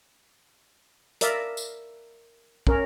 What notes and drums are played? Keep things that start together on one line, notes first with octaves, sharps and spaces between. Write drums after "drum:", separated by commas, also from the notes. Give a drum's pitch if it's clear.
A#4 D5 E5 F5 A#5, drum: hi-hat
drum: tambourine
C#4 A#4 C#5, drum: kick